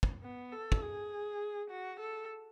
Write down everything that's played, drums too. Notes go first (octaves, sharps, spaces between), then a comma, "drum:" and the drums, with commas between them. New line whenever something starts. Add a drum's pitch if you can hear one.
drum: kick
B3
A4
drum: kick
G#4
F#4
A4